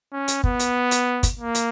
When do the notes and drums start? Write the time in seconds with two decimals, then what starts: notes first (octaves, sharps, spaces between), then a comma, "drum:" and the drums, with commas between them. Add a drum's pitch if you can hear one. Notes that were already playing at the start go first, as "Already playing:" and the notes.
0.12 C#4
0.28 drum: hi-hat
0.44 B3, drum: kick
0.60 drum: hi-hat
0.91 drum: hi-hat
1.23 drum: kick, hi-hat
1.39 A#3
1.55 drum: hi-hat